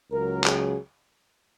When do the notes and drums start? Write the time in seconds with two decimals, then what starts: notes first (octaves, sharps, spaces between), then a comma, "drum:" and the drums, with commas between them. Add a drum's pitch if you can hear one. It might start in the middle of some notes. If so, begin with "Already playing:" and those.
0.11 C#2 C#3 F#3 A#4
0.44 G#4, drum: clap